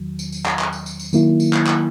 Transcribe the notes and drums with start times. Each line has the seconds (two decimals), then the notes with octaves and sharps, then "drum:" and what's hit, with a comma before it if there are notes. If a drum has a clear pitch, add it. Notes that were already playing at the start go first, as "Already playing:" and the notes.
Already playing: E2 D#3 F#3
0.19 drum: tambourine
0.32 drum: tambourine
0.46 drum: clap
0.59 drum: clap
0.73 drum: tambourine
0.86 drum: tambourine
0.99 drum: tambourine
1.13 D#3 F#3 A#3 E4, drum: tambourine
1.40 drum: tambourine
1.53 drum: clap
1.67 drum: clap